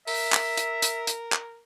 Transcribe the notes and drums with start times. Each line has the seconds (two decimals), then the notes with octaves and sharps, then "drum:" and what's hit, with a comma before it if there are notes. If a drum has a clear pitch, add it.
0.07 A#4 E5, drum: open hi-hat
0.32 drum: clap
0.57 drum: hi-hat
0.82 drum: hi-hat
1.07 drum: hi-hat
1.32 drum: clap